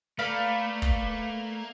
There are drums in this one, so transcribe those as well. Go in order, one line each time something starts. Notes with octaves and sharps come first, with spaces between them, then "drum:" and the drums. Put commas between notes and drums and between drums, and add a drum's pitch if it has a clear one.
A3 A#3 B4 D5 F5 B5
drum: kick